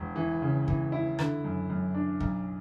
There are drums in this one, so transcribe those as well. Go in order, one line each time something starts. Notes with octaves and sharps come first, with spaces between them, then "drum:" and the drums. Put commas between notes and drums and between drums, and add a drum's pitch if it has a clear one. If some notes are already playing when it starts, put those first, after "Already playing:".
Already playing: E1
E3
C#3
E3, drum: kick
E4
D3, drum: rim click
F#2
F#2
D4
B1, drum: kick